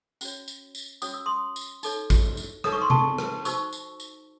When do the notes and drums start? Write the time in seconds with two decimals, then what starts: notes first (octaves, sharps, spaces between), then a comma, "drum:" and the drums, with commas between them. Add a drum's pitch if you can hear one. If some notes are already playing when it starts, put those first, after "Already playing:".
0.21 C#4 F#4 C#5, drum: tambourine
0.48 drum: tambourine
0.75 drum: tambourine
1.02 C#4 F#4 C#5 D#6, drum: tambourine
1.14 E6
1.26 C6 D#6
1.56 drum: tambourine
1.83 D#4 A4 C#5, drum: tambourine
2.10 drum: kick, tambourine
2.37 drum: tambourine
2.64 D#4 A4 C#5 D#6, drum: rim click
2.72 C#6
2.82 C6
2.90 A5 C#6, drum: tom C3
3.18 drum: rim click
3.45 D#4 F#4 C5 C#6 E6, drum: tambourine
3.73 drum: tambourine
4.00 drum: tambourine